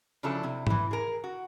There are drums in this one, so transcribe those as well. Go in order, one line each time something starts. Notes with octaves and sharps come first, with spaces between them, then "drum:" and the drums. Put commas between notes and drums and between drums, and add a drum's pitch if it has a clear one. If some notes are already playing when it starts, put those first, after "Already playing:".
C#3 F3 F#3 D4 E4 A4
C3 E4
E3 E4, drum: tom G#2
G#4 A#4
F#4